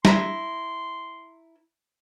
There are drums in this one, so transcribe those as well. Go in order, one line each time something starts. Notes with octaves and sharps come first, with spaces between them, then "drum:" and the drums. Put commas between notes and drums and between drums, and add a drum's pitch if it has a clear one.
E4 A#5 C6, drum: snare